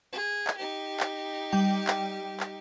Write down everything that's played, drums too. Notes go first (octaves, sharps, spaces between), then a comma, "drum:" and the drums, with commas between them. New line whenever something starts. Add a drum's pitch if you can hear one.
G#4
drum: clap
D#4 G4
drum: clap
G3 G5
drum: clap
drum: clap